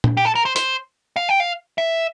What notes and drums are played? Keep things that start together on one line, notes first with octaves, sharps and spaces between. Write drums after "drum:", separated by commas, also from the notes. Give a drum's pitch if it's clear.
drum: tom
G4
A4
A#4
C5
C5, drum: hi-hat
F5
G5
F5
E5